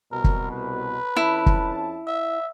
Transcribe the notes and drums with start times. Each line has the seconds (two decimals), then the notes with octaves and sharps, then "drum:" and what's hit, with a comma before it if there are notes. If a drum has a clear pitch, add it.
0.12 C2 B2 A#4
0.24 drum: kick
0.51 B4
1.16 F2 C#4 E4 A5
1.46 drum: kick
2.07 E5